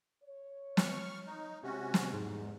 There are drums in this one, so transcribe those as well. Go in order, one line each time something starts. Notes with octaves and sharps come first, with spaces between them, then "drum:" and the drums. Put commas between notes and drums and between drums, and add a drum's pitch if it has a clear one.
C#5
C#6 F6, drum: snare
D#4
C3 G#3 C#4 F#4
drum: snare
E2 G#2